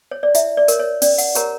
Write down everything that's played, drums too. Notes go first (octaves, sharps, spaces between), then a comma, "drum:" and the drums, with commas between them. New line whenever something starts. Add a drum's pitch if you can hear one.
C#5
D5
E4 E5, drum: hi-hat
D5
A#4 C#5, drum: hi-hat
C#5
C#4 D5, drum: open hi-hat
F#5, drum: hi-hat
G4 A#4 C#5 A#5, drum: hi-hat